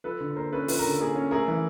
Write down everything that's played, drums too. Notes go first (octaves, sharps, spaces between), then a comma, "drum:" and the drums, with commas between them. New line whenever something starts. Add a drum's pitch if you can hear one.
F3 A4 B4
D3
A#3 A#4 C5
C#4 A4 B4
F3 B4, drum: open hi-hat
A#4
D3
A4
A#3 G#4 A#4
C#4
A3 G#4 A#4
E3